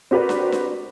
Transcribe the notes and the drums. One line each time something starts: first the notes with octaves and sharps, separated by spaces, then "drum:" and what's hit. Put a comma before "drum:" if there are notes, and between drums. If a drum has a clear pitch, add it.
C4 F#4 G4 A#4 B4 D5
drum: snare D4
drum: snare D4